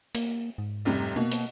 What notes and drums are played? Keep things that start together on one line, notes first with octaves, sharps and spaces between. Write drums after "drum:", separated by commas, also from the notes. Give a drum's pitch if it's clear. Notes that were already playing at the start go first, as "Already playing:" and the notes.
A#3, drum: hi-hat
G#2
F1 C3 G3
B2 A#3
drum: hi-hat